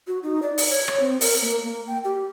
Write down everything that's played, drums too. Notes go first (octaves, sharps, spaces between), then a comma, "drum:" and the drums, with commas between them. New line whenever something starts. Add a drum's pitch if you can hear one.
F#4
D#4
D5
drum: open hi-hat
C#5
drum: rim click
C4
A#4, drum: open hi-hat
A#3
A#3
G5
G4